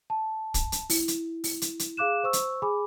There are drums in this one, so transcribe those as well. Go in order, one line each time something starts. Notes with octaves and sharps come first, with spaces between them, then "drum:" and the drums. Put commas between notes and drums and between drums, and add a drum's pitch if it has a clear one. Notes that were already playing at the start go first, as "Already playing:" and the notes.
A5
drum: kick, hi-hat
drum: hi-hat
E4, drum: open hi-hat
drum: hi-hat
drum: open hi-hat
drum: hi-hat
drum: hi-hat
G#4 F5 D6 F#6 E7
C5 C#6 E6
drum: hi-hat
G#4 G#5 B5 D6